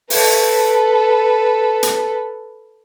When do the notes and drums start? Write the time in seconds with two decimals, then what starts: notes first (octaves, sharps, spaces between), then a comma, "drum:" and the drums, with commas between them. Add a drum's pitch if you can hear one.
0.10 A4 B4, drum: open hi-hat
1.83 drum: hi-hat